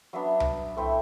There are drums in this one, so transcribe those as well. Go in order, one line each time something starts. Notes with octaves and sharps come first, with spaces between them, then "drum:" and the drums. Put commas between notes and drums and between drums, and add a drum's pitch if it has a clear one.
F#3 B3 D4 E5
drum: tom C2
A3 C4 E4